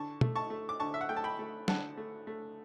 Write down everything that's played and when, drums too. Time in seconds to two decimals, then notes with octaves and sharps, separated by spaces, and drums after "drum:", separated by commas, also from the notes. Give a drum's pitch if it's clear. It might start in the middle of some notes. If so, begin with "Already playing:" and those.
Already playing: D3 A5 C#6
0.21 A3, drum: tom
0.35 A5 C#6
0.50 A3
0.69 D6
0.80 D3 A5 C#6
0.94 E5
1.01 F#5
1.09 A3 G5
1.17 A5
1.24 G5 B5
1.39 A3
1.68 D3 F#5 A5, drum: snare
1.97 A3
2.27 A3